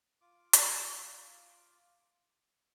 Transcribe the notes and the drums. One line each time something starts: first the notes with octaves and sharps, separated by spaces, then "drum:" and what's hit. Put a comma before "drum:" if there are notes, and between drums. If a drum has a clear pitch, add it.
F4 D6
drum: hi-hat